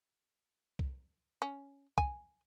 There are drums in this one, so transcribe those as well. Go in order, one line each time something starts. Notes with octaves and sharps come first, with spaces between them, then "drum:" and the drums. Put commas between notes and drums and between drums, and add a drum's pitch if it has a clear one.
drum: kick C2
C#4
G#5, drum: kick C2